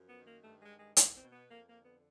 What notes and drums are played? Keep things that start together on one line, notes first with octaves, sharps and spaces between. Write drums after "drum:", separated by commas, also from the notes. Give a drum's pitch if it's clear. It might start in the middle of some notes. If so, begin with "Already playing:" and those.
Already playing: F#2 F3
B3
D#3
A#3
G2 A3
G#3
D#3
G#3
E2, drum: hi-hat
C4
B2
B3
F2 A#3
A#3
D3
B3